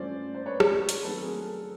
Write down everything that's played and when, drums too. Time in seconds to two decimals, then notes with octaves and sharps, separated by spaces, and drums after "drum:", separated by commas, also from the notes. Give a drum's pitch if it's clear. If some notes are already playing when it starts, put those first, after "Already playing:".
Already playing: G2 E3 A3 C#4 F4 C5 D5
0.35 C5
0.46 B4 C#5
0.60 drum: rim click
0.89 drum: hi-hat
1.03 D#3 F#3 A3 C4 A4 B4
1.22 G#4 A#4
1.41 A4
1.60 A4